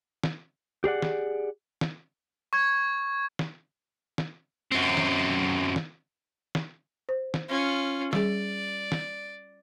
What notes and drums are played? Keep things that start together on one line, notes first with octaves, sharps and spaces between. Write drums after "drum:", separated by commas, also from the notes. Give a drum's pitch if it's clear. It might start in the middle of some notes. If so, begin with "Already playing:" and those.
drum: snare
G4 G#4 D5 F#5
drum: snare
drum: snare
C#6 G#6
drum: snare
drum: snare
F#2 C4
drum: snare
drum: snare
drum: snare
C5
drum: snare
C#4 F4
G3 G#4 D5, drum: snare
drum: snare